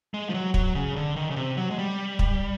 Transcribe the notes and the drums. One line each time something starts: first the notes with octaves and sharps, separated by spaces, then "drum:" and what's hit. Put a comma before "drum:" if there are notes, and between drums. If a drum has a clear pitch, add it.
G#3
F3
F#3
F#3, drum: kick
C#3
D3
D#3
C#3
C3
F#3
G#3
G3
drum: kick